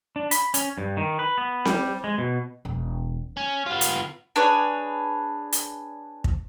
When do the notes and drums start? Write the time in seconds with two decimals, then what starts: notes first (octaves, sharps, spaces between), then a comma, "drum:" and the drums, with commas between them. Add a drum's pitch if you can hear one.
0.16 D4
0.31 B5, drum: hi-hat
0.54 C#4, drum: hi-hat
0.78 G2
0.97 D#3
1.19 B4
1.38 B3
1.65 G3, drum: snare C4
2.04 G#3
2.18 B2
2.65 E1
3.37 C#4
3.66 B3 F4
3.81 drum: hi-hat
4.36 D4 G#4 B4 C#5
5.52 drum: hi-hat
6.24 drum: kick